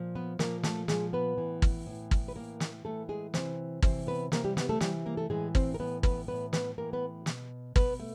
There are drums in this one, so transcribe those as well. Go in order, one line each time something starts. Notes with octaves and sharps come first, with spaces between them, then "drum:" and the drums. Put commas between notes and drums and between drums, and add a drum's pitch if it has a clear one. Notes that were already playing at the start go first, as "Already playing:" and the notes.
Already playing: A#2 F3
B3 B4
A#2 F3 A#3 A#4, drum: snare
A3 A4, drum: snare
A#2 F3 G#3 G#4, drum: snare
B3 B4
A2 E3
drum: kick G#1
A2
E3
drum: kick G#1
B4
A2 E3 A#3 A#4
drum: snare
A2 E3 A3 A4
G#3 G#4
C3 E3 C4 C5, drum: snare
C3 E3 C4 C5, drum: kick G#1
B3 B4
C3 E3 A#3 A#4, drum: snare
G3 G4
B3 B4, drum: snare
A3 A4
C3 E3 G3 G4, drum: snare
A#3 A#4
A3 A4
A2 E3 G#3 G#4
C4 C5, drum: kick G#1
A#4
A2 E3 B3 B4
B3 B4, drum: kick G#1
A2 E3 B3 B4
B3 B4, drum: snare
A2 E3 A#3 A#4
B3 B4
B2, drum: snare
B2 B3 B4, drum: kick G#1
A3